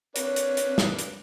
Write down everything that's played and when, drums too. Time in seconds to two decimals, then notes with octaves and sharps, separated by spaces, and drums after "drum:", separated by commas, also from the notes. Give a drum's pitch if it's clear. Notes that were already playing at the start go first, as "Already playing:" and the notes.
0.16 A#3 C4 D4 B4 C#5, drum: hi-hat
0.36 drum: hi-hat
0.57 drum: hi-hat
0.78 drum: snare
0.99 drum: hi-hat